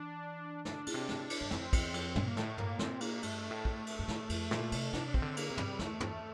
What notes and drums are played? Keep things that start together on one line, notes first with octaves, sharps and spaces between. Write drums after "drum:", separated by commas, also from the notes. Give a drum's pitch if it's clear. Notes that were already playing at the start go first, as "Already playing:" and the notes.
Already playing: E3 D4
D3 D4, drum: snare
A#2, drum: cymbal
C3
drum: snare
drum: cymbal
G2
F2 C4, drum: snare
E2, drum: kick, cymbal
F2, drum: cymbal
G2, drum: tom
A#3
A2 A3, drum: snare
A#3, drum: tom
A#2 C4, drum: snare
A#3, drum: cymbal
G2 A3, drum: cymbal
A2
drum: kick
drum: cymbal
G2
A2, drum: snare
F2, drum: cymbal
A#2, drum: snare
C3, drum: cymbal
C3 D4, drum: snare
D4
C3 C4, drum: kick
D3
A#3, drum: cymbal
C3
G3, drum: tom
E2 A3, drum: snare
drum: tom